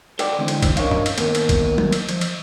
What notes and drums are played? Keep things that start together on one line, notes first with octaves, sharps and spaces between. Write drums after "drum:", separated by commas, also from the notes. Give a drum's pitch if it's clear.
A4 B4 D5 F#5 G5, drum: cymbal
D3 E3 G#3 C4 D4
drum: cymbal
drum: kick A#1, cymbal
C#4 D4 A#4 C#5 D#5 F5, drum: cymbal
drum: tom G2
drum: cymbal
D#2 B3 A#4, drum: cymbal
drum: cymbal
drum: kick A#1, cymbal
drum: tom
drum: cymbal
F3, drum: cymbal
drum: cymbal